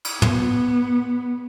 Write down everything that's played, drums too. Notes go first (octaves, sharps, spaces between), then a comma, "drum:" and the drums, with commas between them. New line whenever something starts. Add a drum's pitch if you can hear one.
drum: cymbal
B3, drum: tom